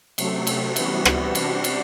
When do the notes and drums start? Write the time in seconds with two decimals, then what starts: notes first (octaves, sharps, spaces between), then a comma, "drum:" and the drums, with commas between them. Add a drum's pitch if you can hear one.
0.18 C3 F#3 A3, drum: cymbal
0.47 drum: cymbal
0.76 C3 E3 G3 B3 F#4, drum: cymbal
1.05 drum: rim click
1.35 C3 G3 D4 F#4, drum: cymbal
1.64 drum: cymbal